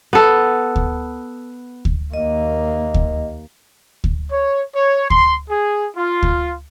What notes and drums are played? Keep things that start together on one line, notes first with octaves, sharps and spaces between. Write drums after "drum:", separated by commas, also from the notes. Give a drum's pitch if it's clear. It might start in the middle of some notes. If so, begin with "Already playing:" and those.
B3 A4
drum: kick D2
drum: kick D2
D#2 A#3 D#5
drum: kick D2
drum: kick D2
C#5
C#5
C6, drum: kick D2
G#4
F4
drum: kick D2